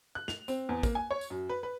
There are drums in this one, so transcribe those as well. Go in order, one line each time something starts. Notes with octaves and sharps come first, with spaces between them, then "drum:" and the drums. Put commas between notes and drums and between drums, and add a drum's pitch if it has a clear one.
F#6
F7, drum: snare
C4, drum: tambourine
E2
A#3, drum: kick, tambourine
G#5
C#5
drum: tambourine
F#2
B4
B4